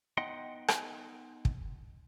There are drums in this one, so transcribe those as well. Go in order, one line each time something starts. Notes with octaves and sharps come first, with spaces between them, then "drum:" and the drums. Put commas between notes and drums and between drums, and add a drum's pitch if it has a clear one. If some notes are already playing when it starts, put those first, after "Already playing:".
B3 D#4 D#5 F#5 G5 C6
drum: rim click
drum: kick